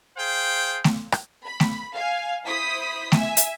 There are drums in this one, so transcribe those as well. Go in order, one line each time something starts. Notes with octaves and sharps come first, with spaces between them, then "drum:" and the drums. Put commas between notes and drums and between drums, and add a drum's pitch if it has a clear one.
G#4 C5 F5 G5
drum: snare A3
drum: rim click
B5
drum: snare A3
F5 G#5
E4 C5 B5 D#6 B6
E5 G#5, drum: snare A3
drum: hi-hat